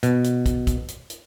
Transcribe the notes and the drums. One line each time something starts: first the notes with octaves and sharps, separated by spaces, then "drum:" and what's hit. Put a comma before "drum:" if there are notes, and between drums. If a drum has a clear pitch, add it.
B2, drum: hi-hat
drum: hi-hat
drum: kick, hi-hat
drum: kick, hi-hat
drum: hi-hat
drum: hi-hat